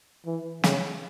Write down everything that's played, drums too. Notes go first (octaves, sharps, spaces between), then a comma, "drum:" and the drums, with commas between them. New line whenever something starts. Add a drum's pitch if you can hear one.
E3
C#3, drum: snare